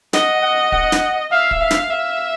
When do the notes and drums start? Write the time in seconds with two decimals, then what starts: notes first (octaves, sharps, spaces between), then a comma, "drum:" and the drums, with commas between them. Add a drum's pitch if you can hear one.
0.13 D#5 F#5, drum: snare
0.42 F#5
0.72 F#5, drum: kick
0.92 drum: snare
1.32 E5 F5
1.51 drum: kick
1.61 E5 F5
1.71 drum: snare
1.90 E5 F5